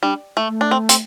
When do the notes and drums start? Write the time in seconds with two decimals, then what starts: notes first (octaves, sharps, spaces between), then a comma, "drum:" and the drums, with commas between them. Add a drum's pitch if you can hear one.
0.03 G3 D4
0.37 A3
0.48 A3
0.61 D4
0.71 C4
0.89 C4, drum: hi-hat